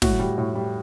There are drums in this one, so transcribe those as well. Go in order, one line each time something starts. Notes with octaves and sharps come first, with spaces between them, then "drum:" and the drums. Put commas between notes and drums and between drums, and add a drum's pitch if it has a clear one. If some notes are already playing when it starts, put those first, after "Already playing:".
A2 F#4, drum: snare
G3
A2
G3